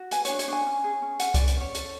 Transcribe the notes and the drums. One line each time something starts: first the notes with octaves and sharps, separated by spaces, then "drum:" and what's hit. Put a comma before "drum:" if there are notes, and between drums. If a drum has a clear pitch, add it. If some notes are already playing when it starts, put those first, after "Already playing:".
Already playing: F#4
B4 G#5, drum: hi-hat
D4 C#5, drum: hi-hat
C#5, drum: hi-hat
D4 G#5
C#4
G#4
C#4
C#4 F#5, drum: hi-hat
D5, drum: kick C2, hi-hat
B4
D5, drum: hi-hat
C#4 C#5
A4, drum: hi-hat